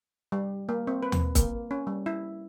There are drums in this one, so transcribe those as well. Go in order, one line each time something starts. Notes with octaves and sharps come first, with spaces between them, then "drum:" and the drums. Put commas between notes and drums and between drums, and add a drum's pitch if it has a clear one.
G3
A#3
C4
B4
drum: tom D#2
A#3, drum: kick, hi-hat
C#4
G3
E4